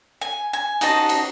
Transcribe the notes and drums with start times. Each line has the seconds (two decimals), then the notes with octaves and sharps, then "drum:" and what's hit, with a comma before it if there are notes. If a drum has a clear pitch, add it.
0.21 G#5
0.53 G#5
0.81 D#4 F#4 D#5 A5, drum: cymbal
1.09 drum: cymbal